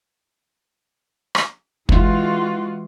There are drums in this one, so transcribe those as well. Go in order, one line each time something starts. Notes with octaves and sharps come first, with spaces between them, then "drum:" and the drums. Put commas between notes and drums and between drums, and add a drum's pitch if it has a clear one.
drum: rim click
E3 G#3 F4 F#4, drum: kick